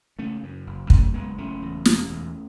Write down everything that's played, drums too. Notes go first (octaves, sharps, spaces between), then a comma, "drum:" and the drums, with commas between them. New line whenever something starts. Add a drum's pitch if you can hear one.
C#3 A3 C#4
F#2
F#1
F#2 A3 C#4, drum: kick
F#1 G#3 B3
F#1 A3 C#4
E2
E1, drum: snare
E2